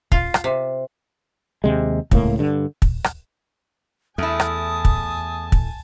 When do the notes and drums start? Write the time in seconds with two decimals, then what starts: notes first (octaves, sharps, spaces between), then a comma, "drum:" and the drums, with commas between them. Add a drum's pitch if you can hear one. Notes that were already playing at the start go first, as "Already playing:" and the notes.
0.12 F4, drum: kick
0.34 drum: rim click
0.44 C3
1.64 D#2 C3 G#3
2.11 C#2 A2 A#3, drum: kick
2.39 G2 D3
2.82 drum: kick
3.04 drum: rim click
4.18 E2 A3 E4 G#5 A5 D#6
4.40 drum: rim click
4.85 drum: kick
5.52 drum: kick